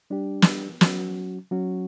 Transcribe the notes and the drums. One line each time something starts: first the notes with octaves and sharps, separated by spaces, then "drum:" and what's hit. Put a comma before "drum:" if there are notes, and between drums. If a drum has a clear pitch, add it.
G3 D4 G4
drum: snare
F#3 C#4 F#4, drum: snare
F#3 C#4 F#4